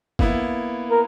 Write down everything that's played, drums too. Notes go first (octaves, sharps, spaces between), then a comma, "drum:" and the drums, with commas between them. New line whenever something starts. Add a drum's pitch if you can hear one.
A#3 B3 E4, drum: kick
A#4